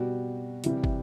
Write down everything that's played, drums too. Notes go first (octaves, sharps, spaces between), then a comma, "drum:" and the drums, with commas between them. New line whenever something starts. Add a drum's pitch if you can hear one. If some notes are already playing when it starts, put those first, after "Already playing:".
Already playing: B2 G3 F#4
C3 E3 G3, drum: hi-hat
drum: kick